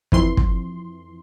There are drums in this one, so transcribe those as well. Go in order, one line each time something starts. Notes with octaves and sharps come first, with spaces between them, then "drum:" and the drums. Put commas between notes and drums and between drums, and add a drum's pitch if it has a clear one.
F2 E3 C6, drum: kick
drum: kick